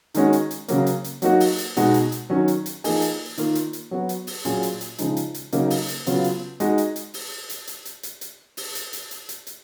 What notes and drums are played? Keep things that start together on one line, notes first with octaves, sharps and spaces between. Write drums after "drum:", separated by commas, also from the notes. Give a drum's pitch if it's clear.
D#3 G#3 C#4 F#4, drum: hi-hat
drum: hi-hat
drum: hi-hat
C#3 F#3 A#3, drum: hi-hat
drum: hi-hat
drum: hi-hat
F#3 A#3 D#4 F#4, drum: hi-hat
drum: open hi-hat
drum: hi-hat
B2 G#3 D#4 F#4, drum: hi-hat
drum: hi-hat
drum: hi-hat
D#3 F#3 C#4
drum: hi-hat
drum: hi-hat
F3 A#3 D#4 G#4, drum: open hi-hat
drum: hi-hat
D#3 A#3 F4, drum: hi-hat
drum: hi-hat
drum: hi-hat
F#3 B3 F#4
drum: hi-hat
drum: open hi-hat
A#2 F#3 C#4 F4 G#4, drum: hi-hat
drum: hi-hat
drum: hi-hat
C#3 F3 G#3 D#4, drum: hi-hat
drum: hi-hat
drum: hi-hat
C#3 F#3 A#3 D#4, drum: hi-hat
drum: open hi-hat
drum: hi-hat
C#3 F#3 B3 F4, drum: hi-hat
drum: hi-hat
G#3 D#4 F#4, drum: hi-hat
drum: hi-hat
drum: hi-hat
drum: open hi-hat
drum: hi-hat
drum: hi-hat
drum: hi-hat
drum: hi-hat
drum: hi-hat
drum: open hi-hat
drum: hi-hat
drum: hi-hat
drum: hi-hat
drum: hi-hat
drum: hi-hat